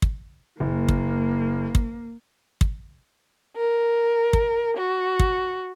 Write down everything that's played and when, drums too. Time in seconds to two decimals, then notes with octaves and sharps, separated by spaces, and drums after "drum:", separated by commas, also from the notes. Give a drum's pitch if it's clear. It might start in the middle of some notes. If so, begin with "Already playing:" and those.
0.02 drum: kick
0.60 F#1 A#3
0.88 drum: kick
1.75 drum: kick
2.61 drum: kick
3.56 A#4
4.33 drum: kick
4.76 F#4
5.19 drum: kick